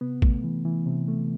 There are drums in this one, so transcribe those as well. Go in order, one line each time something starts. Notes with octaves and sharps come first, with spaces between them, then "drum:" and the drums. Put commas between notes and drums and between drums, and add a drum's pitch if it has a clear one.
C3 B3
A3, drum: kick
E3
E3
C3
A3